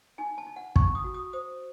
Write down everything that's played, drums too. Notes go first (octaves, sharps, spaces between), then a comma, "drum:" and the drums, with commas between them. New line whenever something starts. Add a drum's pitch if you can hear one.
D#4 G#5
A5
D#4
F#5
D#4 C#6, drum: kick
D#6
F#4
D#6
C5 D#6